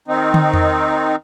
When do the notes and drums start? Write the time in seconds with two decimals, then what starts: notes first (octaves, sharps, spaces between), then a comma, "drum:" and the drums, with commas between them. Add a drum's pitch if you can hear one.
0.08 D#3 C4 D#4
0.34 drum: tom
0.54 drum: tom E2